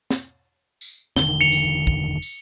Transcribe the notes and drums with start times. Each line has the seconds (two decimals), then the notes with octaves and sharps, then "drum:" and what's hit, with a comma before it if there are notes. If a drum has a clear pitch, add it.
0.11 drum: snare
0.81 drum: tambourine
1.16 E1 D3 D#3 G7, drum: snare
1.41 C#7 F7
1.52 drum: tambourine
1.87 drum: kick
2.22 drum: tambourine